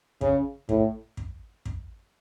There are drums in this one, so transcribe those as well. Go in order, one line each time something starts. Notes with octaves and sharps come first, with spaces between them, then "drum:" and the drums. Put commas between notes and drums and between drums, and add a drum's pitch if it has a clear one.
C#3, drum: kick
A2, drum: kick
drum: kick
drum: kick